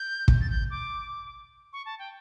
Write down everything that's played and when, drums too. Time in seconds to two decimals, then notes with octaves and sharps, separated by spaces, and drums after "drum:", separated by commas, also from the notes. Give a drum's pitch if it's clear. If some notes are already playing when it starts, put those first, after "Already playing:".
Already playing: G6
0.28 drum: kick
0.41 A6
0.50 G6
0.70 D6
1.73 C#6
1.86 A5
1.99 G5